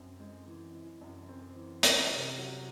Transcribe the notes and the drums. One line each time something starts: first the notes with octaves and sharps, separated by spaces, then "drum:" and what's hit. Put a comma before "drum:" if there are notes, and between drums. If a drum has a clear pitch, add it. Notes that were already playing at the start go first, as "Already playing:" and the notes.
Already playing: F#2 C4
G#3
E3
E4
F#2
C4
E3
C#4, drum: hi-hat
C3
F#3